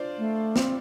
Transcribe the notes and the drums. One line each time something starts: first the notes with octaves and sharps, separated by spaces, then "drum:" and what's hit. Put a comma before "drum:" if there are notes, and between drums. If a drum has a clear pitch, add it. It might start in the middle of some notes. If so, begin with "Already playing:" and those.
Already playing: D4 F4 C5 D5
A3
C4, drum: snare